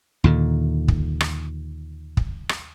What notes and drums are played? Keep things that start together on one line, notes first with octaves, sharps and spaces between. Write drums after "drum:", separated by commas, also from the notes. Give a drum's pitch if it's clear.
D#2 A#2 D3
drum: kick
drum: rim click
drum: kick
drum: rim click